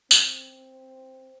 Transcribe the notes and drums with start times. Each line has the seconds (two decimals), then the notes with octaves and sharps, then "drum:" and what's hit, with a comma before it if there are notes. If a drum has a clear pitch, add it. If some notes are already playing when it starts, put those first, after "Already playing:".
0.11 C4, drum: tambourine